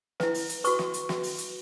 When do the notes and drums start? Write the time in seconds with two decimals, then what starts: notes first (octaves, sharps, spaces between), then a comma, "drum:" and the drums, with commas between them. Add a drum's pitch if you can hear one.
0.20 E4 B4, drum: snare
0.34 drum: open hi-hat
0.49 drum: hi-hat
0.64 F#4 B4 C#6, drum: hi-hat
0.79 drum: snare
0.94 drum: hi-hat
1.09 F#4 B4, drum: snare
1.23 drum: open hi-hat
1.38 drum: hi-hat